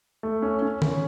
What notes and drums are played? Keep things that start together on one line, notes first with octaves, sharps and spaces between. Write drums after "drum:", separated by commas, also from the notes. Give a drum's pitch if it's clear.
A3
C#4
C#4
C#4, drum: tom D3